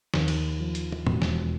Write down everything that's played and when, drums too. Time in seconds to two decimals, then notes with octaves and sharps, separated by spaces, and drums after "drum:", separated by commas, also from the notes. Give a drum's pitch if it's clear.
0.14 D#2, drum: snare
0.28 drum: cymbal
0.60 F3
0.75 drum: hi-hat
0.92 drum: tom
1.07 E1, drum: tom
1.22 drum: snare